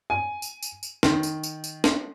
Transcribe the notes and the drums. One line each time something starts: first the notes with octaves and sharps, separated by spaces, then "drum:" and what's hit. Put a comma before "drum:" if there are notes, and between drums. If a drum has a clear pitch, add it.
G#5
drum: tambourine
drum: tambourine
drum: tambourine
D#3, drum: snare
drum: tambourine
drum: tambourine
drum: tambourine
drum: snare